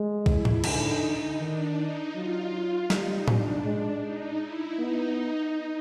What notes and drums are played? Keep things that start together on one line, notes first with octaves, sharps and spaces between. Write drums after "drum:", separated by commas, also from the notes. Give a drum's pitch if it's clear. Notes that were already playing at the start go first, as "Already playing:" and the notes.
Already playing: G#3
E4, drum: kick
drum: tom A2
D3 D#4, drum: cymbal
D#3 D4
D#4
F#3 F4
G3 D#4, drum: snare
D4, drum: tom A2
G#3
D#4
E4
B3 D#4